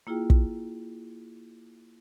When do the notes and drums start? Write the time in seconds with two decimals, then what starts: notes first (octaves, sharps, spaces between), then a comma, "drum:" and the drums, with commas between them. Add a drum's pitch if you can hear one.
0.07 A#3 E4 F4 G#4 G5
0.30 drum: kick